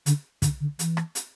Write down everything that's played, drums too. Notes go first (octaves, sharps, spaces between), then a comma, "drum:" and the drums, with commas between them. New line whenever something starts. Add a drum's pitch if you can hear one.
D3, drum: hi-hat
D3, drum: kick, hi-hat
D3
E3, drum: hi-hat
drum: rim click
drum: hi-hat